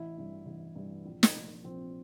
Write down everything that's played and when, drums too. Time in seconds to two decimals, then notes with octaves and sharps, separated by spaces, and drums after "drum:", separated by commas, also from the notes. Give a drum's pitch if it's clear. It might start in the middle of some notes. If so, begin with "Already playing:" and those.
Already playing: A1 E4
0.16 G2 E3
0.46 A1
0.76 G2 E3
1.06 A#1
1.23 drum: snare
1.35 A#2 F3
1.64 A#1 C4